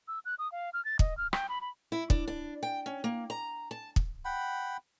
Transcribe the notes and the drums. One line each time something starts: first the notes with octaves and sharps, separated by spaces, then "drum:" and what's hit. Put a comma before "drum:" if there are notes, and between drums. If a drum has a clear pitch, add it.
E6
F#6
D#6
F5
F6
A6
D#5, drum: kick
F6
G5, drum: rim click
B5
B5
E4
D4, drum: kick
D4
G5
C#4
A#3
A#5
A5
drum: kick
F#5 G5 B5